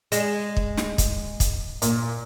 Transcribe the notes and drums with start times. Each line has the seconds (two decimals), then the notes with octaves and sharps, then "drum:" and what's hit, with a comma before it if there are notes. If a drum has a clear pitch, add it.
0.12 G#3 E7, drum: hi-hat
0.57 drum: kick
0.77 drum: snare
0.98 drum: kick, hi-hat
1.40 drum: kick, hi-hat
1.82 A#2, drum: hi-hat